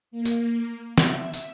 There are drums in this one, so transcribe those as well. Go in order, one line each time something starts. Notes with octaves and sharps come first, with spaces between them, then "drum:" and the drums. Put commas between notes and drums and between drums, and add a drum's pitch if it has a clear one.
A#3
drum: tambourine
E5, drum: snare
drum: tambourine